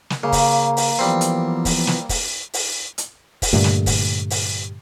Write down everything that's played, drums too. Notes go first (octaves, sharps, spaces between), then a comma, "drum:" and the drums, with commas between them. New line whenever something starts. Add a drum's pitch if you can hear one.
drum: snare
C#3 A#3
drum: kick, open hi-hat
drum: open hi-hat
E3 F3 G3 B3 C4
drum: hi-hat
drum: kick, open hi-hat
drum: snare
drum: kick, open hi-hat
drum: open hi-hat
drum: hi-hat
drum: kick, open hi-hat
G2 A#2 D3 A3
drum: snare
drum: kick, open hi-hat
drum: open hi-hat